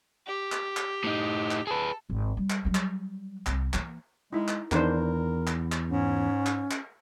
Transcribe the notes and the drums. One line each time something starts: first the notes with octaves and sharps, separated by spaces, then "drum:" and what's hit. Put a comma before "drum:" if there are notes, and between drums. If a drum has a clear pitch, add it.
G4
drum: clap
drum: clap
A2 D#4
drum: clap
G#4 A4 B4
G#1
G3
drum: clap
F#3 G3
drum: clap
C2 C4, drum: clap
E3 A#3, drum: clap
G#3 D#4 E4
drum: clap
E2 D#3 D4 A#4 C5, drum: clap
drum: clap
drum: clap
G#2 C#4
drum: clap
drum: clap